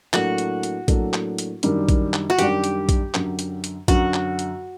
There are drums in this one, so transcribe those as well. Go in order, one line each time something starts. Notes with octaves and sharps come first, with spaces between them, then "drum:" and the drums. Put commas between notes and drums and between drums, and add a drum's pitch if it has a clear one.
A2 F#3 A#3 D4 F#4 A4, drum: clap
drum: hi-hat
drum: hi-hat
A2 F#3 A#3 D4 A4, drum: kick A#1, hi-hat
drum: clap
drum: hi-hat
F#2 D#3 G3 D4, drum: hi-hat
drum: kick A#1, hi-hat
drum: clap
F#4
F#2 D#3 G3 D4 G4, drum: hi-hat
drum: hi-hat
drum: kick A#1, hi-hat
F#2 D3 F#3, drum: clap
drum: hi-hat
drum: hi-hat
F#2 D3 F#3 F#4, drum: kick A#1, hi-hat
drum: clap
drum: hi-hat